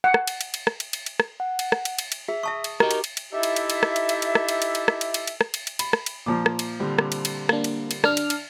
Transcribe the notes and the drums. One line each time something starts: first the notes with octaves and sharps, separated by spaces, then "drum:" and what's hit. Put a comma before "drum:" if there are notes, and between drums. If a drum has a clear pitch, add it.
F#5
drum: rim click
drum: cymbal
drum: cymbal
drum: cymbal
drum: rim click
drum: cymbal
drum: cymbal
drum: cymbal
drum: rim click
F#5
drum: cymbal
drum: rim click
drum: cymbal
drum: cymbal
drum: cymbal
G#4 E5
E5 A5 C#6 D#6
drum: cymbal
F#4 G4 A#4 D#5 A#5, drum: rim click
drum: cymbal
drum: cymbal
drum: cymbal
D#4 E4 G4 A4 E5
drum: cymbal
drum: cymbal
drum: cymbal
drum: rim click
drum: cymbal
drum: cymbal
drum: cymbal
drum: rim click
drum: cymbal
drum: cymbal
drum: cymbal
drum: rim click
drum: cymbal
drum: cymbal
drum: cymbal
drum: rim click
drum: cymbal
drum: cymbal
B5, drum: cymbal
drum: rim click
drum: cymbal
A#2 F3 D6
drum: rim click
drum: cymbal
D3 G3 C4
drum: rim click
drum: cymbal
drum: cymbal
A#3 D4, drum: rim click
drum: cymbal
drum: cymbal
D4 F6, drum: rim click
drum: cymbal
drum: cymbal